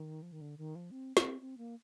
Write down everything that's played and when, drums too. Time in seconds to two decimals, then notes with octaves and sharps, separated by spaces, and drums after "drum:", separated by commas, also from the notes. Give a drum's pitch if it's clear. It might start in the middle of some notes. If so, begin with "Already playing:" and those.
Already playing: D#3
0.22 F3
0.32 D#3
0.41 D3
0.58 D#3
0.75 F3
0.91 C4
1.17 C4, drum: snare
1.41 C4
1.58 A#3